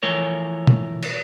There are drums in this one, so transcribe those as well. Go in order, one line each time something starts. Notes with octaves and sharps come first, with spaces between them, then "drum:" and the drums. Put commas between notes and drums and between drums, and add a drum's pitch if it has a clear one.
E3 F3 A3 A#4 C#5
drum: tom
drum: cymbal